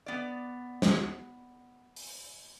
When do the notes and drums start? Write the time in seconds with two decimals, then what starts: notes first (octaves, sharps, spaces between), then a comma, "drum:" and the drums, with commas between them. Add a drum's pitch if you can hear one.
0.06 B3 D5
0.82 drum: snare
1.96 drum: open hi-hat